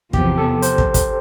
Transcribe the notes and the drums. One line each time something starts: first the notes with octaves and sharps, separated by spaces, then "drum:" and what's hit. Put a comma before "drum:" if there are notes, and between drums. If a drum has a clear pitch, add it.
E2 C3 F3 B3 G4, drum: kick
A4
C5, drum: hi-hat
drum: kick
drum: kick, hi-hat